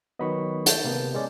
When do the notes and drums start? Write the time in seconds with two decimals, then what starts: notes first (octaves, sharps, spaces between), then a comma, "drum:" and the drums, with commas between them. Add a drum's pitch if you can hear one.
0.19 D#3 F#3 B3 D#5 B5 C#6
0.66 A5 G6, drum: hi-hat
0.84 C3 A#3 B3
1.14 G#3 C#4 D5